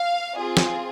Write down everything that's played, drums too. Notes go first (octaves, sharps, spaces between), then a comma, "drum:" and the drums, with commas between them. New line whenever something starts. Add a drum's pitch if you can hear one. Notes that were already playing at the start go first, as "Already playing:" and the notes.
Already playing: F5
C4 F4 G#4
drum: snare